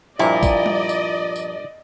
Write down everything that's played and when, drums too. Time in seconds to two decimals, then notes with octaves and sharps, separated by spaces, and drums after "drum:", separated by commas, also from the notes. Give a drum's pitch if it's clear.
0.19 G2 A#2 F3 E4 D5 D#5 A#5
0.43 drum: kick, tambourine
0.66 drum: tom G3
0.89 drum: tambourine
1.36 drum: tambourine